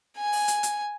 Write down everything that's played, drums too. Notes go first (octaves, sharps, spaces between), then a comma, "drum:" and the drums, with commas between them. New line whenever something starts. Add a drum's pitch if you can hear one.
G#5
drum: open hi-hat
drum: hi-hat
drum: hi-hat